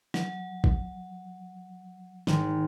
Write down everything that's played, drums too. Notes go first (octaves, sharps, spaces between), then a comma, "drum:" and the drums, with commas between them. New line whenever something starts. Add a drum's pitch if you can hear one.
F#3, drum: snare
drum: kick
G#1, drum: snare